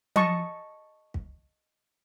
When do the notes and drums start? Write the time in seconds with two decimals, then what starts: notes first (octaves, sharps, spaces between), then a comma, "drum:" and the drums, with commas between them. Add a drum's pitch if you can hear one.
0.16 D#5 A5 C#6, drum: tom F3
1.14 drum: kick